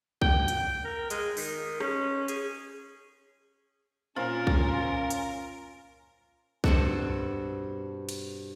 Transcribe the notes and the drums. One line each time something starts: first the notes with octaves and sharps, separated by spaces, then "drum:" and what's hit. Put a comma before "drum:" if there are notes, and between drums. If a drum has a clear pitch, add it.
G5, drum: kick C2
drum: hi-hat
A#4
G#3, drum: hi-hat
D#3, drum: open hi-hat
C#4, drum: rim click
G#4, drum: hi-hat
A#2 C4 C#4 F4 A#4 F#7
drum: kick C2
drum: hi-hat
G2 B2 C4 A4 F#5, drum: kick C2
drum: cymbal